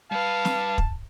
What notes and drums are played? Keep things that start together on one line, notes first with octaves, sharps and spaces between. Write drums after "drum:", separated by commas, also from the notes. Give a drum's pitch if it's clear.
G3 B4 F5 A5
drum: snare
drum: kick